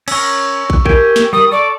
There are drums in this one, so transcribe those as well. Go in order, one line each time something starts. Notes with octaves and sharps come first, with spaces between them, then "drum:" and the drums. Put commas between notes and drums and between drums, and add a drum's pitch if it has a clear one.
C#4 A#4 C#6 E6, drum: cymbal
drum: kick
G4 A#4 G5 G#5, drum: kick
drum: snare
G3 A#4 D#6
A4 D5 C#6